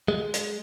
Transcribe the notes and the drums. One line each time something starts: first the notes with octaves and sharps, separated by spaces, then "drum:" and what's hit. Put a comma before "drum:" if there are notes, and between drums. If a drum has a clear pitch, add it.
G#3
drum: hi-hat